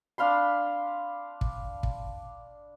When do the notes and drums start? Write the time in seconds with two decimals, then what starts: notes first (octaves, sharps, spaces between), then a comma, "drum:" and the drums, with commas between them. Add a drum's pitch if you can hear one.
0.18 D4 F5 B5 C6
1.41 drum: kick
1.83 drum: kick